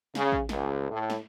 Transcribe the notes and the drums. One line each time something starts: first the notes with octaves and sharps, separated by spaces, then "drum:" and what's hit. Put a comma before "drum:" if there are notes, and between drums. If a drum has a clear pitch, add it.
C#3, drum: snare
drum: kick A1
C#2, drum: snare
A2
drum: snare